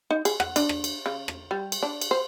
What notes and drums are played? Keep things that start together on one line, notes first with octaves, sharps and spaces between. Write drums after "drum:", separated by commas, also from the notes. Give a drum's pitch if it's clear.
D#4
G#4, drum: cymbal
F#5, drum: rim click
D4, drum: cymbal
drum: rim click
drum: cymbal
C#3
drum: rim click
G3
drum: cymbal
D4
drum: cymbal
C5